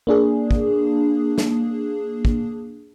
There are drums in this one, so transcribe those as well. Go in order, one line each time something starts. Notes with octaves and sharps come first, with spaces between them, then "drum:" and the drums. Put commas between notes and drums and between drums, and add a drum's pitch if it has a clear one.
A#3 D4 G#4
drum: kick
drum: snare
drum: kick